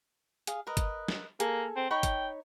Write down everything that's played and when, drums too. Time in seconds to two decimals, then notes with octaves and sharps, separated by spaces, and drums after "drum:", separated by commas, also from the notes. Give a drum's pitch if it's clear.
0.47 G#4 F5, drum: hi-hat
0.67 A#4 B4 D#5
0.77 drum: kick, hi-hat
1.08 drum: snare
1.40 A#3 G#4 A4, drum: hi-hat
1.76 C4
1.91 D#4 C#5 G5 B5
2.03 drum: kick, hi-hat